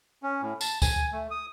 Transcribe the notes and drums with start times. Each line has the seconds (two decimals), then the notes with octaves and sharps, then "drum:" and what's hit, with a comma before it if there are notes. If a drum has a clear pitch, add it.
0.23 C#4
0.42 A2
0.61 A5, drum: tambourine
0.82 G#5, drum: kick D2, tambourine
1.12 A3
1.31 D#6